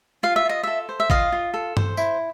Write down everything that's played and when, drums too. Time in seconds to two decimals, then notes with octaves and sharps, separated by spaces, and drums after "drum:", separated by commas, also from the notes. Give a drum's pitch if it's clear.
0.23 F4 F5
0.36 E5
0.45 F4 D#5
0.63 A4 E5
0.89 C5
1.00 E5
1.10 F4 D#5 F5, drum: kick G#1
1.32 F4
1.54 A4
1.77 C5, drum: tom G2
1.97 E4, drum: tambourine